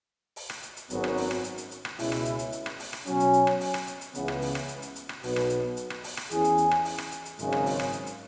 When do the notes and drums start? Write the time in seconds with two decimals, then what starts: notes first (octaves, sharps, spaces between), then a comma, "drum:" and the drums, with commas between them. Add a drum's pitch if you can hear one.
0.36 drum: open hi-hat
0.50 drum: rim click
0.63 drum: hi-hat
0.77 drum: hi-hat
0.90 G#1 F#2 F#3 B3, drum: hi-hat
1.04 drum: rim click
1.17 drum: open hi-hat
1.31 drum: rim click
1.44 drum: hi-hat
1.58 drum: hi-hat
1.71 drum: hi-hat
1.85 drum: rim click
1.99 C#2 B2 G#3 C#4 E4, drum: open hi-hat
2.12 drum: rim click
2.25 drum: hi-hat
2.39 drum: hi-hat
2.52 drum: hi-hat
2.66 drum: rim click
2.79 drum: open hi-hat
2.93 drum: rim click
3.07 B2 F#3 C#4, drum: hi-hat
3.20 drum: hi-hat
3.33 drum: hi-hat
3.47 drum: rim click
3.60 drum: open hi-hat
3.74 drum: rim click
3.88 drum: hi-hat
4.01 drum: hi-hat
4.15 C#2 C#3 E3 B3, drum: hi-hat
4.28 drum: rim click
4.42 drum: open hi-hat
4.55 drum: rim click
4.69 drum: hi-hat
4.82 drum: hi-hat
4.96 drum: hi-hat
5.09 drum: rim click
5.23 B1 B2 B3, drum: open hi-hat
5.36 drum: rim click
5.50 drum: hi-hat
5.77 drum: hi-hat
5.90 drum: rim click
6.04 drum: open hi-hat
6.17 drum: rim click
6.31 E2 E3 C#4 E4 G#4, drum: hi-hat
6.44 drum: hi-hat
6.58 drum: hi-hat
6.71 drum: rim click
6.85 drum: open hi-hat
6.98 drum: rim click
7.12 drum: hi-hat
7.25 drum: hi-hat
7.39 G#1 F#2 C#3 G#3, drum: hi-hat
7.52 drum: rim click
7.66 drum: open hi-hat
7.80 drum: rim click
7.93 drum: hi-hat
8.07 drum: hi-hat